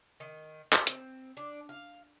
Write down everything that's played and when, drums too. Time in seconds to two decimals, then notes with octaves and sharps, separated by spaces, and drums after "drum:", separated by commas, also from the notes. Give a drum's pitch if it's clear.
0.20 D#3
0.73 drum: clap
0.87 C4, drum: hi-hat
1.37 D4
1.69 F5